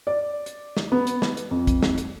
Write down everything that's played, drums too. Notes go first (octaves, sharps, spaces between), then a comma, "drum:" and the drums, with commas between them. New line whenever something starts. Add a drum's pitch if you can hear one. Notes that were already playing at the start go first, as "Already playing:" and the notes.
D5
drum: hi-hat
drum: snare
B3
drum: hi-hat
drum: snare
drum: hi-hat
F2
drum: kick, hi-hat
drum: snare
drum: hi-hat